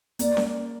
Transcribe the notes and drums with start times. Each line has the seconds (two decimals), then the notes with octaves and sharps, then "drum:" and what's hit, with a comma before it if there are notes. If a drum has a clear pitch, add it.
0.19 A#3 D5, drum: hi-hat
0.37 drum: snare C#4